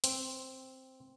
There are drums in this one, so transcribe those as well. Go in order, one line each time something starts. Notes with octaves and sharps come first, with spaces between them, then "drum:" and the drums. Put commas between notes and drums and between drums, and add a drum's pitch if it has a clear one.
C4, drum: hi-hat